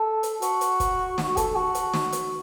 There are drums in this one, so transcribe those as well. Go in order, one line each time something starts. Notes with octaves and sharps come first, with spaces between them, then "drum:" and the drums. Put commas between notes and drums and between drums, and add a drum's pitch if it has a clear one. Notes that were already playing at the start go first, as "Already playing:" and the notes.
Already playing: A4
drum: hi-hat
F#4, drum: hi-hat
drum: hi-hat
drum: kick, hi-hat
F#4, drum: snare
F#4
A4, drum: kick, hi-hat
F#4
drum: hi-hat
drum: snare
drum: hi-hat